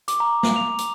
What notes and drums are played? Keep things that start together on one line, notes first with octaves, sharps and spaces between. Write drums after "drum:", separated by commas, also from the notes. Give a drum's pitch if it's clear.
D6, drum: hi-hat
A#5
drum: snare
F7
drum: hi-hat